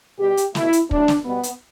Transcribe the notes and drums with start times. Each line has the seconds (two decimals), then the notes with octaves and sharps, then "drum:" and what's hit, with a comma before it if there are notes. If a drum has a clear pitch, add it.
0.19 B2 G3 G4
0.37 drum: hi-hat
0.55 B2 A3 E4, drum: snare
0.73 drum: hi-hat
0.91 A2 F#3 A3 D4, drum: kick
1.08 drum: snare
1.26 B2 G3 B3
1.43 drum: hi-hat